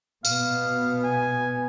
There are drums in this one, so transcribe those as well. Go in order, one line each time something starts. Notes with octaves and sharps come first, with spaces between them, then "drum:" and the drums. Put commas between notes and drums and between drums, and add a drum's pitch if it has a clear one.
B2 B3 F5, drum: tambourine
G#5